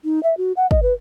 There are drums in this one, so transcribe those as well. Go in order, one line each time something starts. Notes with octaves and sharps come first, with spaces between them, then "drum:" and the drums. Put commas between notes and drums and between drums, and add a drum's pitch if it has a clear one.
D#4
E5
F#4
F#5
D#5, drum: kick
B4